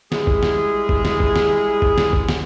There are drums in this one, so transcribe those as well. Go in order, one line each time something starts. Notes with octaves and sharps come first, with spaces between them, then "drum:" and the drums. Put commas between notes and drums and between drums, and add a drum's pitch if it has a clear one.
G3 G#3 E4 G#4, drum: snare
drum: kick G#1
drum: snare
drum: kick G#1
drum: snare
drum: kick G#1
drum: snare
drum: kick G#1
drum: snare
drum: kick G#1
drum: snare